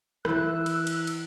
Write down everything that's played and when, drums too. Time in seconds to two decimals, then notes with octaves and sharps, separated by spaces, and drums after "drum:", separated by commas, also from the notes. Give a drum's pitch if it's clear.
0.25 E3 E4 E6 F#6, drum: rim click
0.66 drum: cymbal
0.87 drum: cymbal
1.07 drum: cymbal